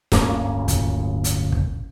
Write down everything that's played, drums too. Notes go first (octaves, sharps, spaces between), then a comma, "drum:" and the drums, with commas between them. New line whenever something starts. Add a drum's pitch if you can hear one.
D1 G1 A#3 C#4, drum: snare
drum: kick, hi-hat
drum: hi-hat
drum: kick